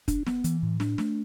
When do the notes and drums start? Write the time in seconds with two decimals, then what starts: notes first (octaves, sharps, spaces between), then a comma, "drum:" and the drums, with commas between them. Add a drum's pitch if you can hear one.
0.08 D4, drum: kick, hi-hat
0.26 B3, drum: snare
0.44 E3, drum: hi-hat
0.63 A2
0.80 D4, drum: snare
0.98 A3, drum: snare